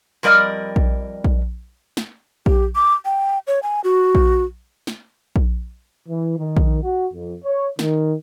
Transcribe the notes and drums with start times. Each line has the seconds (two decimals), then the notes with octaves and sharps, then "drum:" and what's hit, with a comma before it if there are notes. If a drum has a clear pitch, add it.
0.23 F2 G3 A#4 D5 D#5
0.76 drum: kick A#1
1.24 drum: kick A#1
1.97 drum: snare
2.46 G4, drum: kick A#1
2.75 D6
3.05 G5
3.47 C#5
3.63 G#5
3.84 F#4
4.15 drum: kick A#1
4.87 drum: snare
5.36 drum: kick A#1
6.08 E3
6.38 D#3
6.57 drum: kick A#1
6.83 F#4
7.13 F2
7.45 C#5
7.79 D#3, drum: snare